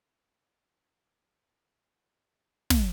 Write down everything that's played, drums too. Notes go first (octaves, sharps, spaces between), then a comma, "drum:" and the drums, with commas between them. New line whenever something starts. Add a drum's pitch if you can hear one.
C4 F#4
E1 F#2 F#5 A5
drum: snare